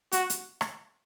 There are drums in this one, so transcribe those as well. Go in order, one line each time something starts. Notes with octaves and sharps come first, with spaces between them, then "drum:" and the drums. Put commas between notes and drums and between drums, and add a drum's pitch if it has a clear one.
F#4, drum: hi-hat
drum: hi-hat
drum: rim click